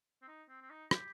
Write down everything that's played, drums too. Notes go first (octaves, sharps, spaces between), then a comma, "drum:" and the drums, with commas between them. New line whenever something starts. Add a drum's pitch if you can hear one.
C4
D#4
C4
C4
D#4
G4, drum: rim click